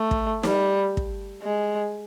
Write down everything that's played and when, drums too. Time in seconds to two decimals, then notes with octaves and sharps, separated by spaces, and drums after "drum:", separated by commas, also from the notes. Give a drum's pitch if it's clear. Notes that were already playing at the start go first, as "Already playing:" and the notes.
Already playing: A3
0.11 drum: kick
0.43 G3, drum: snare
0.97 drum: kick
1.43 G#3